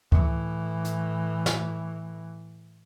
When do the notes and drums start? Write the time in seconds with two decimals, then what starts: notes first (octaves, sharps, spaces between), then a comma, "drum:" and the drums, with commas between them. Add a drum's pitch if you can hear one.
0.12 A2 E3, drum: kick C#2
0.85 drum: hi-hat
1.46 drum: snare